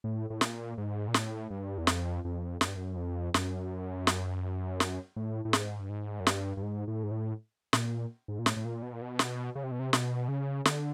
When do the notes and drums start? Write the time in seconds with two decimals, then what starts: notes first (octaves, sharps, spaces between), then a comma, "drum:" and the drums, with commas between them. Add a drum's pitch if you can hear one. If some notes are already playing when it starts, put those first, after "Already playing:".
0.04 A2
0.30 A2
0.41 A#2, drum: snare
0.78 G#2
1.08 A#2
1.14 A2, drum: snare
1.50 G2
1.78 E2
1.87 F2, drum: snare
2.25 F2
2.61 F#2, drum: snare
2.68 G2
2.77 F#2
2.97 F2
3.34 F#2, drum: snare
4.07 drum: snare
4.80 drum: snare
5.16 A2
5.45 A2
5.53 G#2, drum: snare
5.80 G2
5.89 G#2
6.20 F#2
6.27 G2, drum: snare
6.57 G2
6.62 G#2
6.88 A2
7.03 G#2
7.11 A2
7.73 A#2, drum: snare
8.28 G#2
8.39 A#2
8.46 A2, drum: snare
8.57 A2
8.65 A#2
8.82 B2
8.93 A#2
9.02 B2
9.19 drum: snare
9.55 C#3
9.63 C3
9.71 B2
9.79 C3
9.93 B2, drum: snare
10.28 C#3
10.65 D3, drum: snare